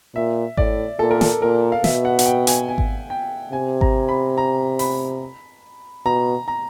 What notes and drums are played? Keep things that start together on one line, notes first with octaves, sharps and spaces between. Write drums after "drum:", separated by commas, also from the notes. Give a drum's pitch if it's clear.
A#2 E5
A2 D5, drum: kick G#1
A#2 A4
A#4
A4, drum: snare
A#2 A#4
F5
B2 E5, drum: snare
F#5
F#5, drum: hi-hat
G5
G#5, drum: hi-hat
G#5
drum: kick G#1
G5
C3 G#5
A#5, drum: kick G#1
B5
A#5
B5, drum: open hi-hat
B2 A#5
A#5